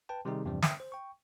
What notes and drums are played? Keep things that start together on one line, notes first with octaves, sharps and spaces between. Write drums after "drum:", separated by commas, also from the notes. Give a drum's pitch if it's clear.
B4 G5 A5
C3 D#3 G3 C4 D#4 G#4
E2 G2 C3 E3 F3 G3
E5 G5 D#6, drum: snare
C5
G5 C#6